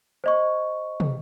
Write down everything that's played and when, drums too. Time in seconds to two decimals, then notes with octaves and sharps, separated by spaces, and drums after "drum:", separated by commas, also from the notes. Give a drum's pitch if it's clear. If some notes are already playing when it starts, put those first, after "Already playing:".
0.24 C5 D#5 C#6
1.00 drum: tom